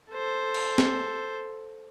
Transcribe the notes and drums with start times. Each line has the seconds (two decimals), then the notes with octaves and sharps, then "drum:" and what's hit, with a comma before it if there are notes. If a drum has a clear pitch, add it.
0.11 A4 C5
0.54 drum: cymbal
0.78 drum: snare